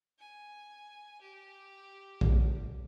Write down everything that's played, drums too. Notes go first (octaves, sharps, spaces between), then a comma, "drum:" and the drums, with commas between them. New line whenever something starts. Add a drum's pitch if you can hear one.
G#5
G4
drum: kick